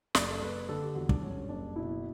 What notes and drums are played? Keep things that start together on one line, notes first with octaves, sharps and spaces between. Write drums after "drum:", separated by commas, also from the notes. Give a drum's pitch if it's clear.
F#1 D5, drum: snare
A4
F#1 B4
D3 A4
G4
E2 F#4
D4, drum: kick
G3 C#4
F#1 D4
B2 E4